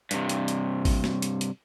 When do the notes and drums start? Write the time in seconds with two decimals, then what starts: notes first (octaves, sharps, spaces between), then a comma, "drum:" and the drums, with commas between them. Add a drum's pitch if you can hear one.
0.11 G2 C3, drum: hi-hat
0.29 drum: hi-hat
0.48 drum: hi-hat
0.85 drum: kick A1, open hi-hat
1.04 drum: snare B3
1.22 drum: hi-hat
1.41 drum: hi-hat